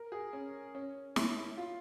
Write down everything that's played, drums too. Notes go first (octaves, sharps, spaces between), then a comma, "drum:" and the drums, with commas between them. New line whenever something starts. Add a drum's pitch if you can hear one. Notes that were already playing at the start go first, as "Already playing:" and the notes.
Already playing: A#4
G#4
C#4
C#4
E4, drum: snare
E4
F4